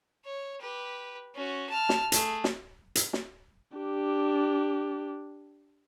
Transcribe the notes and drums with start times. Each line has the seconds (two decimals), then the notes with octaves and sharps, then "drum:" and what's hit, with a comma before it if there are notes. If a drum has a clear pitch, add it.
0.25 C#5
0.60 G4 B4
1.35 C#4 F#4
1.69 A5 F6
1.89 drum: snare
2.12 A3 G#4, drum: hi-hat
2.44 drum: snare
2.95 drum: hi-hat
3.13 drum: snare
3.77 D4 G4